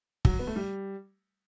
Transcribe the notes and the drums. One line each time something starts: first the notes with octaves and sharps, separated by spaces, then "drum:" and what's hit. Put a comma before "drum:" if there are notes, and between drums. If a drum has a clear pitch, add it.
F#3, drum: kick
B3
A3
G3